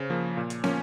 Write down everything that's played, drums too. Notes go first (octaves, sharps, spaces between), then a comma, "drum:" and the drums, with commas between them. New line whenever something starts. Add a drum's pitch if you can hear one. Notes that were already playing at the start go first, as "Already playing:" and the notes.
Already playing: C#3 C5
F3 A#3
A#2
drum: hi-hat
F3 A#3 C#4, drum: snare